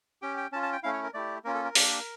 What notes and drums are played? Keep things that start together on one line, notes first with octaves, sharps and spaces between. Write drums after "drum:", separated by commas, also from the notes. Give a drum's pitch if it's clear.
C#4 G4 G5
G5
C#4 F4 A5
A5
G5
A3 C#4 E4 F5
C#5
A#4
A3 E4 G4 D5
A#3 C#4 F4 A#4
A4
A#4
A#3 D4 G4, drum: open hi-hat